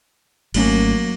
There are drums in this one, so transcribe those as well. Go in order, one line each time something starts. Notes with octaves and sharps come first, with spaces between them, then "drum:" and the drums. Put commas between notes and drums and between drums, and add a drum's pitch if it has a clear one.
G#1 F#3 A3 A#3 C#4, drum: cymbal